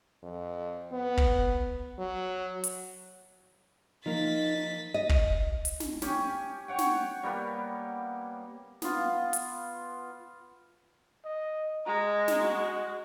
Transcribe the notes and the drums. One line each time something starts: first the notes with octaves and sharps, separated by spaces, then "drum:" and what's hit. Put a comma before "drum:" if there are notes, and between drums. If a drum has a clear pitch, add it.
F2
B3
drum: kick
F#3
drum: hi-hat
F3 A#3 D#4 A6 B6
D#5
drum: kick
drum: hi-hat
drum: snare
C#4 G4 G#5, drum: snare
C#5 F#5 G5
drum: snare
G3 A#3 B3
B3 F4 B4, drum: snare
drum: hi-hat
D#5
G#3 A#5
drum: snare
F#4